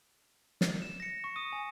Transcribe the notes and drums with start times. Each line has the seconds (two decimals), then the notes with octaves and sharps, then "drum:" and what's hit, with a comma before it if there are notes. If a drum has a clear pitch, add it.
0.61 drum: snare
0.82 E7
1.00 A#6 C#7
1.24 C#6
1.36 D#6 D#7
1.53 G#5